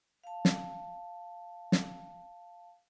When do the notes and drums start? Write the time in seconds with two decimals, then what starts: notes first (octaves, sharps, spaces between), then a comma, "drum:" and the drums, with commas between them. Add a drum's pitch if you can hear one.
0.23 F5 A5
0.45 drum: snare
1.72 drum: snare